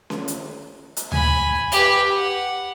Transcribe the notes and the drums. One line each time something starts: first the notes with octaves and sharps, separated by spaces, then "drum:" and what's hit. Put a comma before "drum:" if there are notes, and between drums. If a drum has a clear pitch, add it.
drum: snare C#4
drum: hi-hat
drum: hi-hat
G#5 B5, drum: tom D2
G4 B4, drum: hi-hat
F#5